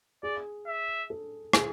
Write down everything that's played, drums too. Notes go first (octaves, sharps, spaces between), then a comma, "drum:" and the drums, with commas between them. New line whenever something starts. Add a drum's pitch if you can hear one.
G#4 D5
E5
A4
G#4, drum: rim click